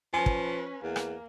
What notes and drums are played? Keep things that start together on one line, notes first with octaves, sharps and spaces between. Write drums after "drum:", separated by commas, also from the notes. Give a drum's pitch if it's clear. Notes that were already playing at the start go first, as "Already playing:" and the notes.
F3 C#4 B4 G#5
drum: kick
E2 A#3
drum: rim click